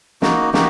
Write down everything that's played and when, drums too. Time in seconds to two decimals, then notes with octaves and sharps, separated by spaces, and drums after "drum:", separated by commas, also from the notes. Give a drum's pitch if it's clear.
0.22 A#3 D#4 F#4, drum: snare
0.54 A#3 D#4 F#4 G4, drum: snare